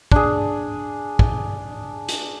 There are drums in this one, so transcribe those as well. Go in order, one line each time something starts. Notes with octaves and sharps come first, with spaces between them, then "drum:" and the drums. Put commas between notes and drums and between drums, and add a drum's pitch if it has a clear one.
D4 G#4, drum: kick
drum: kick
drum: hi-hat